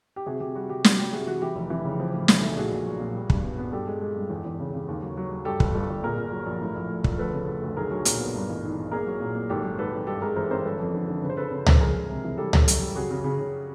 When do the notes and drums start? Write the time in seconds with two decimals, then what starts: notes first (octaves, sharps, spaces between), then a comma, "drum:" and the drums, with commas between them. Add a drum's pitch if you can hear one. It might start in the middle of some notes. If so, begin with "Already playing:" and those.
0.16 G4
0.26 C3 F#4 G#4
0.40 C3 G4
0.55 G3 F#4
0.70 C3 G4
0.84 G3 F#4, drum: snare
0.98 G3 G4
1.12 C3 F#4 G#4
1.27 E3 F#4
1.42 E3 G4
1.55 F1
1.70 E3
1.85 C#3
2.00 F3
2.14 A2
2.28 B1, drum: snare
2.43 A3
2.56 A#2 F#4 G#4
2.72 A#1
2.86 F#3
3.00 A#2
3.15 G3
3.30 G2, drum: kick
3.44 B3
3.58 B3
3.72 G2 G4 A4
3.87 G#3
4.01 G#3
4.16 G2
4.30 E2
4.45 E2
4.60 C#3
4.74 C#3
4.88 D#2
5.02 F#3
5.17 F#3
5.31 F#3
5.45 G2 G4 A4
5.60 G1, drum: kick
5.75 G1
5.89 G1
6.03 A#2 G#4 A#4
6.18 A#2
6.32 F#3
6.46 A#1
6.62 A2
6.76 A#1
6.90 A3
7.04 A#1, drum: kick
7.19 D2 A4 B4
7.33 C#3
7.47 D2
7.62 D2
7.77 B1 G#4 A#4
7.91 F#3
8.05 A#2, drum: hi-hat
8.19 B3
8.35 G2
8.49 A1
8.64 D#3
8.77 D#3
8.91 A#3 G#4 A#4
9.06 F#3
9.20 A#2
9.35 A#3
9.49 G#1 G4 A4
9.64 F#2
9.78 G#1 A4 B4
9.93 G#1
10.07 G2 G4 A4
10.22 G#3 G#4 A#4
10.36 E3 A#4 C5
10.51 C#4 A#4 C5
10.65 G1 A4 B4
10.80 F2
10.95 D3
11.08 D3
11.23 C#3 B4
11.30 C5
11.37 C#3 A4 B4
11.51 C#3
11.66 F2, drum: tom C#2
11.80 G#3 G#4 A#4
11.95 G#3
12.09 C3
12.24 E3
12.38 G3 G4 A4
12.53 F#2, drum: tom C#2
12.68 F#2, drum: hi-hat
12.81 G3
12.96 C#3 F#4 G#4
13.11 C#3
13.24 C#3
13.39 C#3